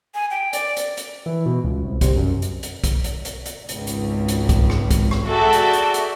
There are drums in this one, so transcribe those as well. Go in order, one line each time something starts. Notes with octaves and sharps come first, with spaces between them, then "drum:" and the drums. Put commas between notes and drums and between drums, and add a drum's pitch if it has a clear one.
G#5
G5
D5, drum: hi-hat
drum: hi-hat
drum: hi-hat
E3
B2
C#2
C2
C3, drum: kick B1, hi-hat
F#2
drum: hi-hat
drum: hi-hat
drum: kick B1, hi-hat
drum: hi-hat
drum: hi-hat
drum: hi-hat
G#1 C#2, drum: hi-hat
drum: hi-hat
drum: hi-hat
drum: kick B1, hi-hat
drum: rim click
drum: kick B1, hi-hat
drum: rim click
F#4 G#4 A4 D5 E5 G5
drum: hi-hat
drum: hi-hat
drum: hi-hat